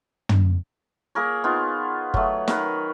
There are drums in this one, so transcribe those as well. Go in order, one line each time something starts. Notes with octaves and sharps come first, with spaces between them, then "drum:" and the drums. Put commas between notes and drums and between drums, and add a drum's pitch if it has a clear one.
drum: tom
A#3 G#4 A#4 C#5
B3 D#4 F4
F#3 A3, drum: kick
D#3 A#4 B4, drum: snare